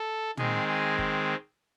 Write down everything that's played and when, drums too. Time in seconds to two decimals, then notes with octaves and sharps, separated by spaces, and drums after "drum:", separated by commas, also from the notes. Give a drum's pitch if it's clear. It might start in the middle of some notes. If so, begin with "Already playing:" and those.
Already playing: A4
0.37 D#3 G#3 C4 G#4, drum: tom
0.68 G#4
0.98 drum: kick